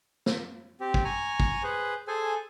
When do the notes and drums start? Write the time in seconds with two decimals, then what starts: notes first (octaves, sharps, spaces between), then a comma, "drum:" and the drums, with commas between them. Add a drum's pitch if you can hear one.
0.26 drum: snare
0.81 C4 G4
0.94 drum: kick
1.05 G#5 A#5 C#6
1.40 drum: kick
1.63 G#4 B4 C5
2.08 G#4 A4 C5 G#5